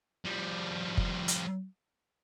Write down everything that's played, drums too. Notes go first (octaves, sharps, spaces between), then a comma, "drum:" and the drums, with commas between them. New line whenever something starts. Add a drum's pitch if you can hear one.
F3 G3
drum: kick
drum: hi-hat